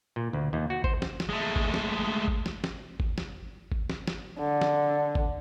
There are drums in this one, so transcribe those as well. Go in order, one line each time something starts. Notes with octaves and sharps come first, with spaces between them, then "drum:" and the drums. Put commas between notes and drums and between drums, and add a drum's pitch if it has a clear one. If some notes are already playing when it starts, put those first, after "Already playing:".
A#2
D2
D#2
F#4
C5, drum: kick G#1
drum: snare
drum: snare
G#3 A3
drum: kick G#1
drum: snare
drum: kick G#1
drum: snare
drum: snare
drum: kick G#1
drum: snare
drum: kick G#1
drum: snare
drum: snare
D3
drum: snare
drum: kick G#1